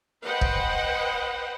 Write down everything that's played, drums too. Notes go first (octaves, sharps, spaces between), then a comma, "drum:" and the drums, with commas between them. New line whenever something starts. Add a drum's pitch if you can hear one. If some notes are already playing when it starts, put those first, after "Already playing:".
B4 C5 D#5 F#5 G5
drum: kick